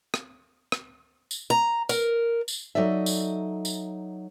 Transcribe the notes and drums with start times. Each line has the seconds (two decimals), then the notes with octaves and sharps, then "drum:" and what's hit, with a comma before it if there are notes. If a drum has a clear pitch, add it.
0.14 drum: rim click
0.72 drum: rim click
1.31 drum: tambourine
1.50 A#5
1.89 A#4, drum: tambourine
2.48 drum: tambourine
2.75 F#3 D#4 A4 D5 E5
3.06 drum: tambourine
3.65 drum: tambourine